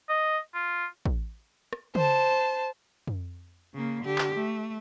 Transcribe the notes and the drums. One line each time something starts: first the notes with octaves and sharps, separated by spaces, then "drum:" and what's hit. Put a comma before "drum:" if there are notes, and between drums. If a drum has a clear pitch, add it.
D#5
F4
drum: kick
drum: rim click
C5 A5, drum: tom C#3
drum: tom F2
C#3 A#3
D3 G4
drum: clap
A3